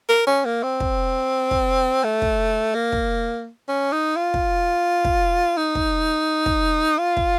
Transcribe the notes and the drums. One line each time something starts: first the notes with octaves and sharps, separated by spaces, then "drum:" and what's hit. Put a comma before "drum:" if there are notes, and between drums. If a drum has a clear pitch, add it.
A#4
C#4
A#3
C4
drum: kick
drum: kick
A3
drum: kick
A#3
drum: kick
C#4
D#4
F4
drum: kick
drum: kick
D#4
drum: kick
drum: kick
F4
drum: kick